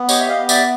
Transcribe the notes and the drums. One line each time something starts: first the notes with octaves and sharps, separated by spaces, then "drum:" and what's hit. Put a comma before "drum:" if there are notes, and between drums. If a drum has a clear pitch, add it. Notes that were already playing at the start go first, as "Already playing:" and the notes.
Already playing: B3
G4 C#5 D#5, drum: tambourine
E5
D#5 F5
B3
D5 E5, drum: tambourine